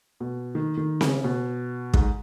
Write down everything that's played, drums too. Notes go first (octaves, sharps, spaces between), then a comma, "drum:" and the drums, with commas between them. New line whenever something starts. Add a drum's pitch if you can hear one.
B2
D#3
D#3
C#3, drum: snare C4
B2
G#2, drum: kick